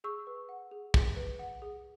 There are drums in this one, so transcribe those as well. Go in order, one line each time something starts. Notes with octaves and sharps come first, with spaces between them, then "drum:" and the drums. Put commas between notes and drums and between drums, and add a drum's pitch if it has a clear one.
G#4 C#6 E6
B4
F#5
G#4
G#4, drum: kick
B4
F#5
G#4